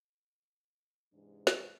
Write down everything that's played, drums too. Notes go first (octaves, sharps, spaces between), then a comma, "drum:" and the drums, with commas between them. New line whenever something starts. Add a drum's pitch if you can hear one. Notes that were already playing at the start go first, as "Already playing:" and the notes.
G#2 C3 E3 G#3 D4
drum: snare